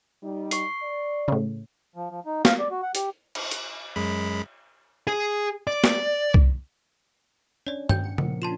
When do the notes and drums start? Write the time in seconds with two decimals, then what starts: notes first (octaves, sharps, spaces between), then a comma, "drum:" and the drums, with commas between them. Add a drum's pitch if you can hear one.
0.23 G3 D#4
0.51 C#6 C7, drum: hi-hat
0.82 D5
1.28 A2 C#3
1.96 F3
2.10 F3
2.26 D#4
2.45 F5, drum: snare
2.59 D5
2.71 F#4
2.83 F#5
2.95 G4, drum: hi-hat
3.35 drum: cymbal
3.51 drum: hi-hat
3.96 F#2 G#3 B5
5.07 G#4
5.67 D5
5.84 drum: snare
6.34 drum: kick C2
7.67 C#4 D4 C#5 D5
7.89 G5 G6, drum: tom G2
8.04 F#5 C#7
8.18 A#2 F3 A#4, drum: tom C#3
8.42 C#4 D4 F4 A5 C6 E7